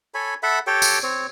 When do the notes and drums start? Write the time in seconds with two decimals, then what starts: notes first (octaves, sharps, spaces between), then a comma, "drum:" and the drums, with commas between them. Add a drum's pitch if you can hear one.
0.14 A4 C#5 G#5 B5
0.43 A4 E5 F#5 B5
0.67 G4 A4 C#5 G5
0.82 drum: tambourine
1.03 C4 C#5